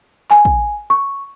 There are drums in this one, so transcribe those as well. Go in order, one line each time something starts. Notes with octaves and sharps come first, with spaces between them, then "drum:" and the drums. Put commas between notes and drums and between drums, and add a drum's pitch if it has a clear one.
G#5, drum: clap
drum: kick
C#6